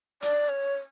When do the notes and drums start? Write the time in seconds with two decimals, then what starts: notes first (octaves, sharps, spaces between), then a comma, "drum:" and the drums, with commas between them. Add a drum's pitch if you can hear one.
0.22 D5, drum: hi-hat
0.49 C#5